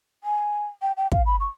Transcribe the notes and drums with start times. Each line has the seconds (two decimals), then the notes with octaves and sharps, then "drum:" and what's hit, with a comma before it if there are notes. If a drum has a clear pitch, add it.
0.23 G#5
0.81 G5
0.97 G5
1.12 F5, drum: kick
1.26 B5
1.40 C#6